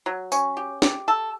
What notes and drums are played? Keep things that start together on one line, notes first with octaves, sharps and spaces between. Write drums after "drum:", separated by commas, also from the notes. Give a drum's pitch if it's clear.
F#3
C#4, drum: tambourine
G4
G4, drum: snare
A4